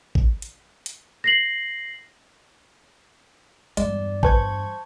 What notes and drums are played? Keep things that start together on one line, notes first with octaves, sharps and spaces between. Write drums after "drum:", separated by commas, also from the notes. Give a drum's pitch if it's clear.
drum: kick A1
drum: hi-hat
drum: hi-hat
A#6 C7 F#7
E2 G2 G#3 D5, drum: hi-hat
B4 C5 G#5 A5 C#6 G#6, drum: kick A1